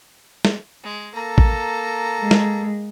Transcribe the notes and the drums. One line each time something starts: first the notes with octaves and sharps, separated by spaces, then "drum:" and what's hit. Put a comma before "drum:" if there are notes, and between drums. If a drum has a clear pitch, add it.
drum: snare
G#3
A#3 A4 A#5
drum: kick A1
G#3
drum: snare